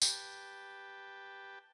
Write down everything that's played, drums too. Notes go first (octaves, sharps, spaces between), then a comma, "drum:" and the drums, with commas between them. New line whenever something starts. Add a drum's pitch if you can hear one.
G4 B4 G5 A5, drum: tambourine